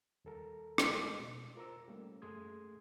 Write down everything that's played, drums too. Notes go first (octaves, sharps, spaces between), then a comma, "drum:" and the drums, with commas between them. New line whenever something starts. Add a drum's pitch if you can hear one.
D#2 G3 A4 A#4 A#5
drum: rim click
G#3 A3 D4 G4
B2
F4 A#4 C5 A#5 E6
G3 A3 A#3 C#4
F#2 A3 G#4 C6 D#6 G#6